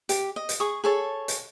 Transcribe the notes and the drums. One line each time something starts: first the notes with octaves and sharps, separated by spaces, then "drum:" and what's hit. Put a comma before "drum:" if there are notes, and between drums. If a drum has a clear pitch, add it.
G4, drum: hi-hat
D#5
drum: hi-hat
G#4 C#6 D#6
G#4 A4 C#5 A5
drum: hi-hat